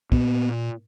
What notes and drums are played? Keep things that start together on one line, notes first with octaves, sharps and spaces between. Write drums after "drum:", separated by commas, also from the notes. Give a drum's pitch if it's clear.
A#2 B3, drum: kick